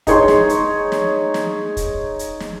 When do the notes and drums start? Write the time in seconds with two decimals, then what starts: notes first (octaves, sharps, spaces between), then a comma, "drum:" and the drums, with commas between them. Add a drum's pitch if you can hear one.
0.07 D#4 G#4 C#5 C6, drum: kick, hi-hat
0.28 drum: snare
0.49 drum: hi-hat
0.92 drum: snare
1.34 drum: snare
1.77 drum: kick, hi-hat
2.19 drum: hi-hat
2.40 drum: snare